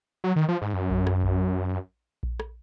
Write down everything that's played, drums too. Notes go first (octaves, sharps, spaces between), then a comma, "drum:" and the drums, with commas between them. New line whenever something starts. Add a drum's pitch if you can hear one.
F#3
D#3
F3
G#2
F#2
drum: kick A#1
drum: rim click
drum: kick A#1
drum: kick A#1
drum: rim click